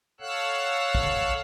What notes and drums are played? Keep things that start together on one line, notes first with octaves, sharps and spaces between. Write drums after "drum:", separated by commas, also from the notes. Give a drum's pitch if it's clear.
A4 C#5 F5 F#5 E6 F#6
drum: kick